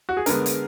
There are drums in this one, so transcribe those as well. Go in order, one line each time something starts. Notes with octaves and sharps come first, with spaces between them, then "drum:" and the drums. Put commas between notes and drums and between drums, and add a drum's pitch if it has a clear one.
F#4
G#4
D3 G#3 B3 A#4, drum: hi-hat
drum: hi-hat